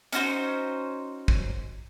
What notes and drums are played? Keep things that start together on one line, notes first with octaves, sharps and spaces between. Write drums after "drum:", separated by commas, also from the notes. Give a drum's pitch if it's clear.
C#4 D#4 F#4 C5, drum: hi-hat
drum: kick